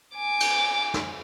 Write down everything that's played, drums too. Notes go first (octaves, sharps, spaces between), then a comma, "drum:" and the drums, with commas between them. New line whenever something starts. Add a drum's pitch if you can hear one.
G#5 D6
drum: cymbal
drum: snare